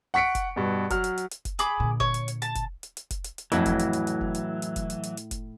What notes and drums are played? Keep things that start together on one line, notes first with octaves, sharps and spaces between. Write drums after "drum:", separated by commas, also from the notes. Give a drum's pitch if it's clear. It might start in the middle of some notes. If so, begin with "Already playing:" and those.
F#5 C#6 B6 C#7 D7
drum: kick F1, hi-hat
G2 B2
F#3 F6, drum: kick F1, hi-hat
drum: hi-hat
drum: hi-hat
drum: hi-hat
drum: kick F1, hi-hat
G#4 B5 D6, drum: hi-hat
A#2 D3
C#5, drum: kick F1
drum: hi-hat
drum: hi-hat
A5, drum: hi-hat
drum: kick F1, hi-hat
drum: hi-hat
drum: hi-hat
drum: kick F1, hi-hat
drum: hi-hat
drum: hi-hat
F2 A2 E3 F#3 E4, drum: hi-hat
drum: kick F1, hi-hat
drum: hi-hat
drum: hi-hat
drum: hi-hat
drum: kick F1
drum: hi-hat
drum: hi-hat
drum: kick F1, hi-hat
drum: hi-hat
drum: hi-hat
drum: hi-hat
drum: kick F1, hi-hat